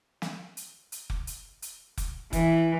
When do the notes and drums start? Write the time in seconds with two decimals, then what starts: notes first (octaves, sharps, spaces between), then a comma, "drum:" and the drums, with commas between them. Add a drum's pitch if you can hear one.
0.22 drum: snare
0.57 drum: hi-hat
0.92 drum: hi-hat
1.10 drum: kick F1
1.27 drum: hi-hat
1.62 drum: hi-hat
1.97 drum: kick F1, hi-hat
2.33 E3, drum: kick F1, hi-hat